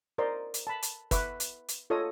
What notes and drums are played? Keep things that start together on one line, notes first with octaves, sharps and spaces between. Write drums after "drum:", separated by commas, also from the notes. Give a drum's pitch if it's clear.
A#4 C5 D5 D#5 A#5 C6
drum: hi-hat
A5 B5
drum: hi-hat
B4 E5 C#6 D6, drum: kick, hi-hat
drum: hi-hat
drum: hi-hat
F4 A4 C#5 D#5 D#6